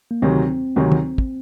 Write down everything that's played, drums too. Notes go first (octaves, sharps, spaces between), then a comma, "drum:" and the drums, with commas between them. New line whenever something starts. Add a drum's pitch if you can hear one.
A#3
D2 C3 D#3 F#3 C4
D2 C3 D#3 F#3
drum: tom
drum: kick